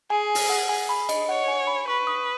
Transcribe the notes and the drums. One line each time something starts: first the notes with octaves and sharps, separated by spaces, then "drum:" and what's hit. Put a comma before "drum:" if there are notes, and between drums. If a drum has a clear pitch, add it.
G#4 G#5
drum: open hi-hat
F#5
G#4 G#5
B5
D#5, drum: cymbal
C#5 F#5
G#5
B5
B4 C#6
D#6